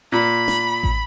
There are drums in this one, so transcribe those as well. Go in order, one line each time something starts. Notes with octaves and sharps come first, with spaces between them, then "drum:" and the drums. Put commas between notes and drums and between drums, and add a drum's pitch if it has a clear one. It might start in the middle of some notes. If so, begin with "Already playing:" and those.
A#2 B5
drum: snare
drum: kick A1